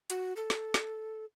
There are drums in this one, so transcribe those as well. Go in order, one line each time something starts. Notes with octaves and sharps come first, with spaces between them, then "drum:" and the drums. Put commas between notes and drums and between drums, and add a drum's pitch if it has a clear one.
F#4, drum: hi-hat
A4
drum: snare
drum: snare